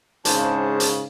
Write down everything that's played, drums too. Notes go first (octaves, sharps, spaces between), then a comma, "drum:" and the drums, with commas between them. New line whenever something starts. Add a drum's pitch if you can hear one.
G#2 C#3 D4 C5 A5, drum: hi-hat
drum: hi-hat